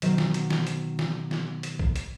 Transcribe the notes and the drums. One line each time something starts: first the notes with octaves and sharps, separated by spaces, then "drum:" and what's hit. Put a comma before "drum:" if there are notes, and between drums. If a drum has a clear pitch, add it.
B2 D#3 F#3 F#4 C5 D#5, drum: hi-hat
drum: snare
drum: hi-hat
drum: snare
drum: hi-hat
drum: snare
drum: snare
drum: hi-hat
drum: kick A#1
drum: hi-hat